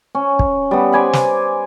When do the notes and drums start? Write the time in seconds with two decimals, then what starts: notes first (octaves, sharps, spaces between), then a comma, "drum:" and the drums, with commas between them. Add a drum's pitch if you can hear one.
0.15 C#4
0.39 drum: kick
0.71 G3 B3
0.92 C5 D5 G#5 B5
1.13 drum: snare